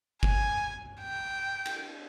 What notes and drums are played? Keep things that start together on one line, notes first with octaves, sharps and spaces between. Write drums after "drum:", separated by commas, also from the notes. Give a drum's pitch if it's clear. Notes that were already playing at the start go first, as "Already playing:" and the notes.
G#5, drum: kick G1
G5
drum: cymbal